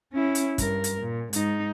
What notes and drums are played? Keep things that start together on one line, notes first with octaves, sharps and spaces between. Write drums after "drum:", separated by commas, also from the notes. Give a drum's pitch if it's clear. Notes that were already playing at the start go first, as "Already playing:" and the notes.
C#4 E4
drum: hi-hat
G2 A#4, drum: kick, hi-hat
drum: hi-hat
A#2
G#2 D#4, drum: hi-hat